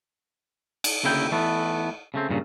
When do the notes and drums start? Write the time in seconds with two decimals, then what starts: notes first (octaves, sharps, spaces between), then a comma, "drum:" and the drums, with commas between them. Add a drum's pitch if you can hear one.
0.84 drum: cymbal
1.03 D2 C#3 A#3 E4 G#4 G5
1.32 E3 A3 B3
2.14 C#3 A3 C4
2.29 G2 A#2 C#3